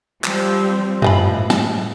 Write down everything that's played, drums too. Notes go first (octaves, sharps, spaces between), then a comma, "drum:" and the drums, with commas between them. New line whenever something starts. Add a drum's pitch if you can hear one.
F3 G3 C4, drum: clap
A2 E3 F3 B5, drum: tom F#2
A5, drum: snare